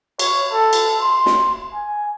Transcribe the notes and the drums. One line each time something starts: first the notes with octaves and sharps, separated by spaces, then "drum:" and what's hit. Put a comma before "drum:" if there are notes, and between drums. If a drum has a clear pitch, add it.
C#5, drum: cymbal
A4
drum: cymbal
C6
drum: snare
G#5